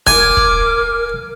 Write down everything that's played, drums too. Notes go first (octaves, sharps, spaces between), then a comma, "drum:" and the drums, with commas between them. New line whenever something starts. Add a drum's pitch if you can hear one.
A#4 G#5 D6 G#6, drum: kick
drum: kick